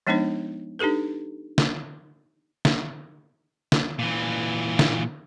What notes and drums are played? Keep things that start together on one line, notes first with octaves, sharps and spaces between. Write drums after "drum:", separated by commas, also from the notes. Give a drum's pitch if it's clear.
F3 G#3 B3 D4 D#4 C5
D4 D#4 G4 A4 B4
drum: snare
drum: snare
drum: snare
A#2 E3
drum: snare